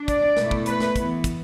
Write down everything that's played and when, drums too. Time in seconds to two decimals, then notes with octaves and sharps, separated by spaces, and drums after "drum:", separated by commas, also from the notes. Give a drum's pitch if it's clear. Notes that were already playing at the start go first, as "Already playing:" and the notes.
Already playing: D4
0.08 D5, drum: kick, hi-hat
0.37 B2 A3 E4, drum: snare
0.51 drum: kick
0.66 B4, drum: hi-hat
0.80 drum: snare
0.96 E3 B3 E4, drum: kick, hi-hat
1.24 drum: kick, hi-hat